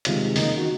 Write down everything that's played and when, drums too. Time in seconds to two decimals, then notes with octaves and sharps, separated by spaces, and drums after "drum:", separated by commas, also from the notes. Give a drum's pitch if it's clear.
0.05 C3 D#3 G#3 F4, drum: hi-hat
0.36 D#3 A#3 D#4, drum: open hi-hat
0.57 F#4